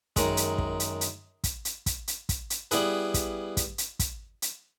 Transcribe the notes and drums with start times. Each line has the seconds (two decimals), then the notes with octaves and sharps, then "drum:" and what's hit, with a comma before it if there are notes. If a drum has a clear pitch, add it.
0.16 F#2 D#3 G#3, drum: kick, hi-hat
0.37 drum: hi-hat
0.58 drum: kick
0.80 drum: hi-hat
1.01 drum: hi-hat
1.44 drum: kick, hi-hat
1.65 drum: hi-hat
1.86 drum: kick, hi-hat
2.08 drum: hi-hat
2.29 drum: kick, hi-hat
2.50 drum: hi-hat
2.71 G3 B3 E4 G#4 B4, drum: hi-hat
3.14 drum: kick, hi-hat
3.57 drum: kick, hi-hat
3.78 drum: hi-hat
3.99 drum: kick, hi-hat
4.42 drum: hi-hat